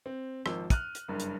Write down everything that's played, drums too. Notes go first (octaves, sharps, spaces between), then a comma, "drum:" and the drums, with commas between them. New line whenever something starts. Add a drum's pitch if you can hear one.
C4
G#1 F3 E6 G7, drum: rim click
F6 F#6 D#7, drum: kick, hi-hat
drum: hi-hat
F#1 G2
drum: hi-hat